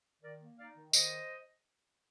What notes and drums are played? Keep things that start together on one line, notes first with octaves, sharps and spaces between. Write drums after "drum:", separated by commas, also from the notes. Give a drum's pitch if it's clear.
D#3 A#4 D5
A#3
D#4 D5 F5
D#3
D#3 C5 D#5, drum: tambourine